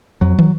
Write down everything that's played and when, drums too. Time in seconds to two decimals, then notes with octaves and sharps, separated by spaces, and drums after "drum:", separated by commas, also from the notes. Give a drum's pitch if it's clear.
0.21 F2 F#3
0.39 drum: tom